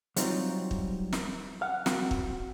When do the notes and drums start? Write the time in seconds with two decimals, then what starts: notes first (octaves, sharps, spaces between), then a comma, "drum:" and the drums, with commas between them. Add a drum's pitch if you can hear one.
0.16 F#3 G3 C4 D#4 F4, drum: hi-hat
0.71 drum: kick
1.13 drum: snare
1.62 F5 F#5
1.86 C4 F#4, drum: snare
2.11 drum: kick